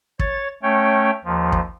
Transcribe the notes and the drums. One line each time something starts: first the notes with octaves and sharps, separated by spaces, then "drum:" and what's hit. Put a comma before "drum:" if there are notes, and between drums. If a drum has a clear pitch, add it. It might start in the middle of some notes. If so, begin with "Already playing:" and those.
C#5 A6, drum: kick
A3 C#4 C#5 G5
D#2 F3
drum: kick